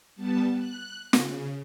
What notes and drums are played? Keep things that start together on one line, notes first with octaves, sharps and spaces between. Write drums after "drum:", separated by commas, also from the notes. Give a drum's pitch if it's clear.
G3 B3 A5
F#6
C#3, drum: snare